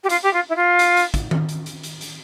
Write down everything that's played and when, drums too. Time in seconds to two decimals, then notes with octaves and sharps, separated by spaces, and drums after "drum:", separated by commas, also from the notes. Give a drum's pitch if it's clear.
0.03 G4
0.09 F4, drum: hi-hat
0.23 G4
0.33 F4
0.49 E4
0.56 F4
0.79 drum: hi-hat
0.96 drum: hi-hat
1.14 drum: kick, hi-hat
1.31 drum: tom D#3
1.49 drum: hi-hat
1.66 drum: hi-hat
1.84 drum: hi-hat
2.01 drum: hi-hat